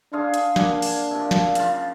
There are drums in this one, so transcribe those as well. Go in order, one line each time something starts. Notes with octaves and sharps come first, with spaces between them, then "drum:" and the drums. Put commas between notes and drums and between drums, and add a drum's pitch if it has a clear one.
D4 G#4 F5 C6
drum: hi-hat
A#3 D4 F#5 G#5, drum: snare
drum: open hi-hat
C3 F3
drum: snare
C#3 F4, drum: hi-hat